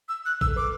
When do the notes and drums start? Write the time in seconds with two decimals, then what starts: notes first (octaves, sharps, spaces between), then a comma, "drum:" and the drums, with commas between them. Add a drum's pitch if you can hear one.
0.09 E6
0.26 F#6
0.41 E6, drum: kick
0.47 A4
0.56 B4 D6